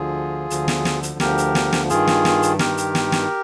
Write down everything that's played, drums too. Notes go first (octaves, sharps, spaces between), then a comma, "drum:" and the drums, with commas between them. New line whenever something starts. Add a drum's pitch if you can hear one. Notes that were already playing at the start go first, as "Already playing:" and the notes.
Already playing: D2 D3 F3 F4 G#4
D2 D3 F3, drum: hi-hat
drum: snare
drum: snare
drum: hi-hat
D2 D3 F3 G4 A#4, drum: snare
drum: hi-hat
drum: snare
drum: snare
G2 D#3 F4 G#4, drum: hi-hat
drum: snare
drum: snare
drum: hi-hat
G2 D#3 G4 A#4, drum: snare
drum: hi-hat
drum: snare
drum: snare